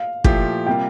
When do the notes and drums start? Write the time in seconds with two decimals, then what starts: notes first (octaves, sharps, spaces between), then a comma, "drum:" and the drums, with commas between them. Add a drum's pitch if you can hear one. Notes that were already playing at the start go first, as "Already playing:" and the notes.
Already playing: F5
0.24 A#2 F3 A3 E4 G4, drum: kick
0.67 C3 G3 A#3 F4 G5